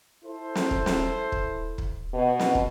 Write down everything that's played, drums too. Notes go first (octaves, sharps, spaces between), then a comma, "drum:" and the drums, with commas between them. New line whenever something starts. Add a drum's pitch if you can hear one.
E4 A4 C5
drum: snare
drum: kick
drum: snare
drum: kick
drum: kick
B2
drum: snare
drum: kick